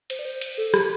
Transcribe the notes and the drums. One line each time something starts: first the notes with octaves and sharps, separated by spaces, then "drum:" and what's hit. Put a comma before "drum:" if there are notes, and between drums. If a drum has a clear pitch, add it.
C5, drum: cymbal
D5
C5
drum: cymbal
A4
G4, drum: rim click